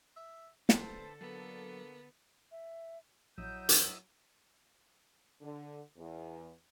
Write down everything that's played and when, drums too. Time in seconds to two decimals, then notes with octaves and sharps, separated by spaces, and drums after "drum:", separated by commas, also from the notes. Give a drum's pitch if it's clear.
0.17 E5
0.69 D3 A4 B4 C5 A5, drum: snare
1.21 F#3 A#3 B3
2.52 E5
3.38 A#1 F#3 E4 D#5 E5 G6
3.69 drum: hi-hat
5.42 D3
5.98 E2